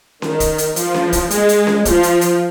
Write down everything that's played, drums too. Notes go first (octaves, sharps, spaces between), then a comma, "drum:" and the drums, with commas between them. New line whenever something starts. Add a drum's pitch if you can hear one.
D#3, drum: snare C#4
drum: kick, hi-hat
drum: hi-hat
F3, drum: hi-hat
drum: snare C#4
drum: kick, hi-hat
G#3, drum: hi-hat
drum: hi-hat
drum: snare C#4
F3, drum: kick, hi-hat
drum: hi-hat
drum: hi-hat